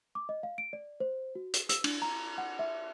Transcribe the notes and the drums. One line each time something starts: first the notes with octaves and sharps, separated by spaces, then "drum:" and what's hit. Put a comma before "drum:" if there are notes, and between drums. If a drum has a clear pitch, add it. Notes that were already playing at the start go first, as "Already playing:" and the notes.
D6
D#5
F5
D7
D5
C5
F#4
drum: hi-hat
E6, drum: hi-hat
D4, drum: cymbal
A#5
F#5
E5